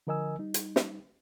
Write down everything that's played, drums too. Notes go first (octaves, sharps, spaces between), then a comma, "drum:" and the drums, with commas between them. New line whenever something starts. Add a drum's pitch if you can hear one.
D3 F3 A#4 D#5 G#5 E6
G3 D#4
drum: hi-hat
drum: snare